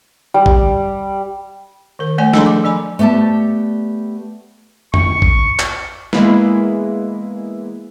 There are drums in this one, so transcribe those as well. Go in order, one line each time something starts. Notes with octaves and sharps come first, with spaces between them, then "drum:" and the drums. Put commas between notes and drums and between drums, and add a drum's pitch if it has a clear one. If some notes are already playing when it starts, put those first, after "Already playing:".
G3
drum: kick A1
D#3 A#4
A3 A#4 C#5 D5 G#5
F3 D4 G#4 A4 A#5 C6, drum: snare
D6
F3 D5 G#5 B5
A3 B3 G4 D5 A5
C#6, drum: tom F2
drum: kick A1
drum: clap
E3 G#3 A#3 B3 E4 B4, drum: snare